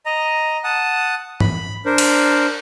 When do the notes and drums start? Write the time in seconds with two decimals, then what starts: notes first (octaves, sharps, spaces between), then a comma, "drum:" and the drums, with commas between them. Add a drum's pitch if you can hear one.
0.06 D#5 A#5
0.64 F#5 A5 D#6
1.40 B5, drum: tom G#2
1.85 D4 A#4 C5
1.98 drum: cymbal